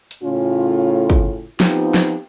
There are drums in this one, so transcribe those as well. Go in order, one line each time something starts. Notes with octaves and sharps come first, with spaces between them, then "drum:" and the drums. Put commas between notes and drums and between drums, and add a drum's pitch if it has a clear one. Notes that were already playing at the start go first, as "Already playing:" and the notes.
drum: hi-hat
A2 C#3 A3 C#4 F4
drum: kick
F3 B3 C4 D#4 F4 G4, drum: snare
drum: snare